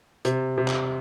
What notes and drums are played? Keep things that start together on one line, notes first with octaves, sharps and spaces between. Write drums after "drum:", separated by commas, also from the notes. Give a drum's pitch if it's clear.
C3, drum: hi-hat
C3
drum: clap